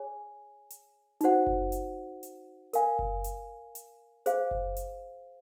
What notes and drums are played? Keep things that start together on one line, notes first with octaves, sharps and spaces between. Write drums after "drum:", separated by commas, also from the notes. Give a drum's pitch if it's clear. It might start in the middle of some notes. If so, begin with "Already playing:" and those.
Already playing: G#4 C#5 G#5
drum: hi-hat
D#4 F#4 C5 F#5, drum: hi-hat
drum: kick F#1
drum: hi-hat
drum: hi-hat
A#4 F5 G#5, drum: hi-hat
drum: kick F#1
drum: hi-hat
drum: hi-hat
G#4 C5 F5, drum: hi-hat
drum: kick F#1
drum: hi-hat